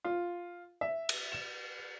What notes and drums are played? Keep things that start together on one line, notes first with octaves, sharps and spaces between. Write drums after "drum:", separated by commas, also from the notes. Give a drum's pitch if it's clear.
F4
E5
drum: cymbal
E7